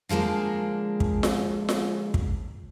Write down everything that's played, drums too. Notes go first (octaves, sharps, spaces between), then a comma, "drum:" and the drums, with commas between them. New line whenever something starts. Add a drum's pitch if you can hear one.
D3 F3 G#3 A#3 D4
drum: kick
drum: snare F4
drum: snare F4
drum: kick